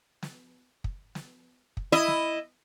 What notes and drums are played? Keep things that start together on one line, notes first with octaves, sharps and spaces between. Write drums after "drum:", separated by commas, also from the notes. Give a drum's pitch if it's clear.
drum: snare
drum: kick
drum: snare
drum: kick
E4 D#5
drum: snare